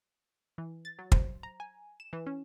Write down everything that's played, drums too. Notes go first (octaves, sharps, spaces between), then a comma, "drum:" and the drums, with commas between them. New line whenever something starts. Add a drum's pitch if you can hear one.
E3
A6
F#3
C5, drum: kick
A#5
G#5
E7
E3
C#4